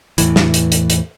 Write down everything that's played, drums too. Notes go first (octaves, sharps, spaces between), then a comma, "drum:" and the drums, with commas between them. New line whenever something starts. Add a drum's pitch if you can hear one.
E2 A2 E3, drum: hi-hat
drum: snare
drum: hi-hat
drum: hi-hat
drum: hi-hat